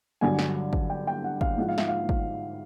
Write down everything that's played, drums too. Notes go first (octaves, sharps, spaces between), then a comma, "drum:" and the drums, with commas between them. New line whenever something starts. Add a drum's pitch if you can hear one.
G2 D3 F#3 G#5
drum: snare
drum: kick
G5
G5
F#5
F5, drum: kick
G#2 F3 F#5
F5
E5, drum: snare
F5
drum: kick